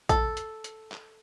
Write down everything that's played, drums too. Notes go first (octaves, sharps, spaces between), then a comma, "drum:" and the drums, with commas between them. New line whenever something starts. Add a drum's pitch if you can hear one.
A4, drum: kick A#1, hi-hat
drum: hi-hat
drum: hi-hat
drum: clap